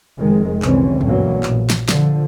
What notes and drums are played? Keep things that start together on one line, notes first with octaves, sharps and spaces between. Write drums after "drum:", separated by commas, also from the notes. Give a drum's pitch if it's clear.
F1 D#3 G#3
F1 C2 D3 E3 C4 C#4, drum: clap
D2 G2 B2 E3 F#3 A#3, drum: tom
A#1, drum: clap
drum: snare
D3 F3, drum: snare